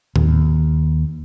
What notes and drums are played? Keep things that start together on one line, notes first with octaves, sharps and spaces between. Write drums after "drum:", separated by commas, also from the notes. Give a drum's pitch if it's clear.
D#2, drum: tom A2